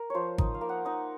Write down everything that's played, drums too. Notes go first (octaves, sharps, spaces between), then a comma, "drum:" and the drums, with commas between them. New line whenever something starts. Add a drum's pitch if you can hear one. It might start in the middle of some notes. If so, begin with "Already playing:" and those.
Already playing: A#4
F3 C5 C#5
D#4 D#5, drum: kick G#1
F5
A#3
F#5
D#4 D#5